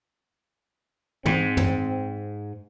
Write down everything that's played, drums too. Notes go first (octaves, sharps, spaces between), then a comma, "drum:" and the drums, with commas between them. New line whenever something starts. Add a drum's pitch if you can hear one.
G#2 C4, drum: tom
drum: tom